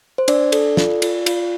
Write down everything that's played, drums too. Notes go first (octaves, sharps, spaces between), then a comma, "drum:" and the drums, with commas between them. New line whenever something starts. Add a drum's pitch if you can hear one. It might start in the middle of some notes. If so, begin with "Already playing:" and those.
C5
D4 D5, drum: cymbal
A4, drum: cymbal
F4, drum: snare
F4, drum: cymbal
F4, drum: cymbal